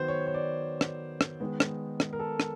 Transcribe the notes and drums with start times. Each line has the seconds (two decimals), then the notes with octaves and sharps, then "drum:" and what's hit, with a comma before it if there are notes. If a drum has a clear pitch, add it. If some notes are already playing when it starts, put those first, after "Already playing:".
Already playing: D#3 F#3 B3 C5
0.08 C#5
0.27 C#5
0.34 D5
0.81 drum: rim click
1.21 drum: rim click
1.40 D#3 G#3 B3
1.60 drum: rim click
2.00 drum: rim click
2.13 A#4
2.19 A4
2.40 drum: rim click